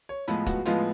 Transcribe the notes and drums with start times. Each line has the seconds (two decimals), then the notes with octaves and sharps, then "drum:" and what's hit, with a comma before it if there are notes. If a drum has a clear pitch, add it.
0.09 C#5
0.28 A2 F3 G#3 B3 B4, drum: hi-hat
0.46 F#4, drum: kick, hi-hat
0.65 A2 F3 G#3 B3 F4, drum: hi-hat